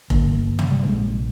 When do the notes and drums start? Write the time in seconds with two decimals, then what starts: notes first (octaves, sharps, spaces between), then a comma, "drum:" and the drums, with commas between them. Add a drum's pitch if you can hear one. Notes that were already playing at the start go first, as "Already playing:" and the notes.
0.10 G1 G2 D3 A#3, drum: kick F1
0.59 drum: tom
0.71 G3
0.82 A#1 A#2 G#3